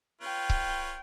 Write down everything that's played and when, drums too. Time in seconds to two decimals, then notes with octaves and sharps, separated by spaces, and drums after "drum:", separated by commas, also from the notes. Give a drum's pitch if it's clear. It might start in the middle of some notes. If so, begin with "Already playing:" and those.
0.21 F4 B4 C#5 G5
0.50 drum: kick C#1